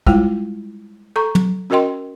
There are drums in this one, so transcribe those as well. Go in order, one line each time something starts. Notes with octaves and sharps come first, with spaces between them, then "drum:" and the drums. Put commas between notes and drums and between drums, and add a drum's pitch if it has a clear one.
G3 G#3 E4 F4 G5, drum: kick
A4 A#5 C#6
drum: tom
C#4 F#4 A#4 D#5 G5 C6